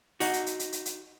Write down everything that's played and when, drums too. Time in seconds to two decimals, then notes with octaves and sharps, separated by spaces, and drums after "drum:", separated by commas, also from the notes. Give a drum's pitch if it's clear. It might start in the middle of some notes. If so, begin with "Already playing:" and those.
0.20 D#4 F#4, drum: open hi-hat
0.33 drum: hi-hat
0.46 drum: hi-hat
0.59 drum: hi-hat
0.72 drum: hi-hat
0.85 drum: hi-hat